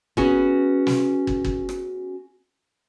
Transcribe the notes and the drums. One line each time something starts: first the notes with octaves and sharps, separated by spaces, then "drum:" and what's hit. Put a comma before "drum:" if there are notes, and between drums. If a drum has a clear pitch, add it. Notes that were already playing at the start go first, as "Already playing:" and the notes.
B3 C#4 F#4 G#4, drum: kick
drum: snare
drum: kick
drum: kick
drum: rim click